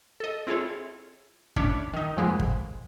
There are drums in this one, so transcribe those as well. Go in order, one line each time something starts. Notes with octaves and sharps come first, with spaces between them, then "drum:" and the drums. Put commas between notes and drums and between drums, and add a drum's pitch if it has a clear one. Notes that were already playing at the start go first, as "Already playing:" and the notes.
A4 D#5
C4 E4 F4 G#4 A4 C#5
A3 C#4 D4 E4 C#5, drum: kick
D#3 D#4
F2 C3 F3 G#3 A#3 B3
drum: kick